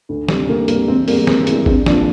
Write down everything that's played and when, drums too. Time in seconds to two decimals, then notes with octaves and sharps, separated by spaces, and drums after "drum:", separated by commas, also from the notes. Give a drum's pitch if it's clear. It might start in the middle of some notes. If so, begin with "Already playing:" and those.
0.09 D2
0.29 C3 G3, drum: snare
0.48 D2 A#3
0.68 C3 G3 A#3, drum: hi-hat
0.88 E1 C4
1.08 E2 E3 G3 A#3, drum: open hi-hat
1.27 E1 C4, drum: snare
1.47 E2 E3 G3, drum: hi-hat
1.66 A#1 C4, drum: kick G#1
1.86 A#2 F3 D4, drum: snare